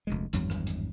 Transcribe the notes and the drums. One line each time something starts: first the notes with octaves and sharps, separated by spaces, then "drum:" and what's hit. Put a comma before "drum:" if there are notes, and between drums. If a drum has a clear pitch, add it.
F1 D2 G#3
G#1 E2 G2 F#3, drum: hi-hat
drum: rim click
drum: hi-hat